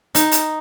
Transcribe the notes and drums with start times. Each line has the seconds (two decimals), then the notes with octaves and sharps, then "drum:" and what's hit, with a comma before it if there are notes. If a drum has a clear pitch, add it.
0.15 D#4, drum: hi-hat
0.32 drum: hi-hat